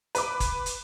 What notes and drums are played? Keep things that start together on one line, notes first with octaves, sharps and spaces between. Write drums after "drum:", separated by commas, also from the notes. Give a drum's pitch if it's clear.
B4 B5 D6, drum: hi-hat
drum: kick, hi-hat
drum: hi-hat